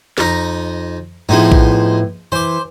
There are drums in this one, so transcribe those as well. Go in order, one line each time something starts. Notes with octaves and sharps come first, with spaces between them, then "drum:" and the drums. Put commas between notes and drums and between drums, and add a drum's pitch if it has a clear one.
F2 D#4 A#5, drum: snare
A2 F3 G#3 B3 D#4 E4
drum: kick A#1
E3 C5 D6